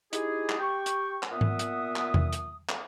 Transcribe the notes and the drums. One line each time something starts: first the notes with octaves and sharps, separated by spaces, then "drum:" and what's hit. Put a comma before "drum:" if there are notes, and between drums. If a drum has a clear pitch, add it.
D#4 E4 G4 G#4, drum: hi-hat
drum: clap
G4 G5 C#6
drum: hi-hat
drum: clap
A#2 B3 E5 F#5 D#6
drum: tom G#2
drum: hi-hat
drum: clap
drum: tom E2
drum: hi-hat
drum: clap